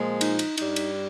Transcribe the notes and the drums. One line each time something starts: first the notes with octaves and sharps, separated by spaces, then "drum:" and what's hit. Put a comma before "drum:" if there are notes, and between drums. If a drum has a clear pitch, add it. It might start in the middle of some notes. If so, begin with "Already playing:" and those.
Already playing: A#2 F3 G#3
D#4, drum: cymbal
drum: cymbal
G2 G3 D#4, drum: cymbal
drum: cymbal